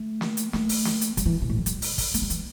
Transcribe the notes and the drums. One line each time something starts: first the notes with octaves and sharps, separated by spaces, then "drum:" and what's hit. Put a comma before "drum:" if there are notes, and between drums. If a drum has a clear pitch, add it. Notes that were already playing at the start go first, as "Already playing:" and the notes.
Already playing: A3
drum: snare
drum: hi-hat
A3, drum: snare
drum: open hi-hat
drum: snare
drum: hi-hat
G3, drum: kick, hi-hat
E3
C3
A2
E3
G3, drum: hi-hat
drum: open hi-hat
drum: kick, open hi-hat
A3, drum: hi-hat
G3
E3, drum: hi-hat